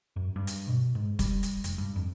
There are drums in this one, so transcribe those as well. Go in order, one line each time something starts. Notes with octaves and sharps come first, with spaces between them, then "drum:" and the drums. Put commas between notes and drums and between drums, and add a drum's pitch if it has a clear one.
F#2
G2
drum: hi-hat
B2
G#2
G3, drum: kick, hi-hat
drum: hi-hat
F1, drum: hi-hat
G2
F2